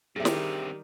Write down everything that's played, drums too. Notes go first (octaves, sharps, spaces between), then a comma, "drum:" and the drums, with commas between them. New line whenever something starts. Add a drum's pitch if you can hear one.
G2 D#3 G3 C4 G4 G#4 E5
drum: snare